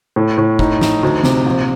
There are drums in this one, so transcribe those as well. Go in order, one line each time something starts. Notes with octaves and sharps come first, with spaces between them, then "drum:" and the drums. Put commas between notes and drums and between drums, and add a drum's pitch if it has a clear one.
A2
A2
D#4, drum: kick
D#4, drum: snare
D2
C3, drum: snare
A#1